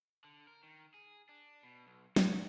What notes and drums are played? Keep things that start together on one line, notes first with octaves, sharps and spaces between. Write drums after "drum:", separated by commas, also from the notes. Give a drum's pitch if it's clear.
D3
A#4
D#3
G#4
D4
B2
B1
F#4, drum: snare